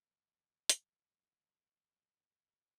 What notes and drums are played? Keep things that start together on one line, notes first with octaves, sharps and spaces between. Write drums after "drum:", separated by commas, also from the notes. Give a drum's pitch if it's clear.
C#2 F#2 D3 F3
drum: hi-hat